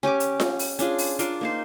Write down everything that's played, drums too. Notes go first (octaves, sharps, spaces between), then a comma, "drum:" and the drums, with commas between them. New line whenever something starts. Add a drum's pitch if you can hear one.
C#4 G4 G#5 D6
drum: hi-hat
drum: snare F4
drum: open hi-hat
C#4 D4 F4 G#4, drum: hi-hat
drum: open hi-hat
D4 F4 A#4, drum: hi-hat
A#3 D#4 C5